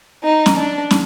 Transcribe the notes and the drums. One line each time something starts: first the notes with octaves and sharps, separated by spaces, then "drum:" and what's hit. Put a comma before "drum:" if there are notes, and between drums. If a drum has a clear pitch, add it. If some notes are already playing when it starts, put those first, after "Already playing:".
D#4
drum: snare
D4
drum: snare